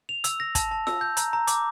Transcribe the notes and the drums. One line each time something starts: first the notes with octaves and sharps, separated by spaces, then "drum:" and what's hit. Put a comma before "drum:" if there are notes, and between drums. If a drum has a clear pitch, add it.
F7
E6, drum: hi-hat
A#6
A5, drum: kick, hi-hat
A5
E6, drum: snare F4
G6
A#5, drum: hi-hat
A#5
D6, drum: hi-hat